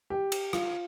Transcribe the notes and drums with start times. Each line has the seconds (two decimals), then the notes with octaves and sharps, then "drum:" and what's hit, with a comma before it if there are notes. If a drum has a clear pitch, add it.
0.10 G4
0.32 drum: cymbal
0.53 F4, drum: rim click